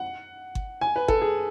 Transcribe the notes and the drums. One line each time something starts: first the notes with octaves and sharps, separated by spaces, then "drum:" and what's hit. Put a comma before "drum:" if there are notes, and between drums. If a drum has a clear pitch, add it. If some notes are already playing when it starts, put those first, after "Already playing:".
Already playing: F#5
drum: kick G1
G#5
B4
A4, drum: kick G1
G#4